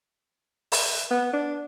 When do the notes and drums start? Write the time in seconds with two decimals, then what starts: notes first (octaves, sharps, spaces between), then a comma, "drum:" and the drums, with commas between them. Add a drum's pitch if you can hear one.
0.72 drum: open hi-hat
1.11 B3
1.33 D4